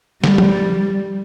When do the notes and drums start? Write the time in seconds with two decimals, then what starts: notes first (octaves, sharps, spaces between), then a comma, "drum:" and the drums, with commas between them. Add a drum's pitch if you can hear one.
0.24 G3, drum: snare
0.38 drum: tom F3